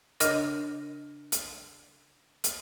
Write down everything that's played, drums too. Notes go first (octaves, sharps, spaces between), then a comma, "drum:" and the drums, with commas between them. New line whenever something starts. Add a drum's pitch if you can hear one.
C#3 D4 A#4 D#5 A#6, drum: hi-hat
drum: hi-hat
drum: hi-hat